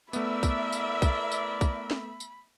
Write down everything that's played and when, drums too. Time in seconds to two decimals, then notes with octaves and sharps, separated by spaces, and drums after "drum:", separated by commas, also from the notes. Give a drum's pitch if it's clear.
0.13 A3 B3 E4 A#4 D5 E5 B5, drum: tambourine
0.43 drum: kick, tambourine
0.72 drum: tambourine
1.02 drum: kick, tambourine
1.32 drum: tambourine
1.61 drum: kick, tambourine
1.91 drum: snare
2.20 drum: tambourine